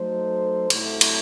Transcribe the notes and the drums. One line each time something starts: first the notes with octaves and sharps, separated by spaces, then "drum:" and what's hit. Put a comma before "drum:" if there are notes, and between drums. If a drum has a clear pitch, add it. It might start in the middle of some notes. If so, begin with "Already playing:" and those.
Already playing: F#3 A3 D#4 A4 C5
C2 C3 F#3 A3, drum: cymbal
drum: cymbal